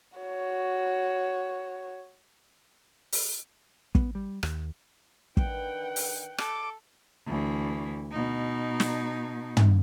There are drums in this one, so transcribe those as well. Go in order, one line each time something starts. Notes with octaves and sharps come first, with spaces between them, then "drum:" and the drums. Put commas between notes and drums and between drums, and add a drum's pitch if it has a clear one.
F#4 C#5
drum: open hi-hat
B3, drum: kick
G3
D#2, drum: rim click
D#3 D4 B4 F#5 G5, drum: kick
drum: open hi-hat
A4 D6, drum: rim click
D2 E3
B2 D#4
drum: snare
drum: tom